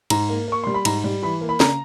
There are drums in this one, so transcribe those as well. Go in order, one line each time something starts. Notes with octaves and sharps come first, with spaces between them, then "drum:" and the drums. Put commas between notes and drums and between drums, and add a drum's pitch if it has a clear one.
G#2 A#5, drum: cymbal
A#3
A#3 C#6
G3 C6
B5
G#2 A#5, drum: cymbal
G3
E3 B5
A#3
B5
C#3 A#5, drum: snare